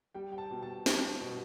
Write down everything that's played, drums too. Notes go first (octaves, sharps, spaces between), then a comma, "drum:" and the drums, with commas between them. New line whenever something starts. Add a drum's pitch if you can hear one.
G3 G5
G5
A5
B2
A5
G3, drum: snare
B2